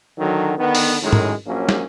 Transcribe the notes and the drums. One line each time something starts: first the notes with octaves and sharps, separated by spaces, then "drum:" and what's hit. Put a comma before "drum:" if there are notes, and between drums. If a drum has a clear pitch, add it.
D3 D#3 F#3
D3 D#3 B3
drum: open hi-hat
F#2 A2 D#3 G#3
drum: tom
A#1 F#3 A#3 C#4
drum: snare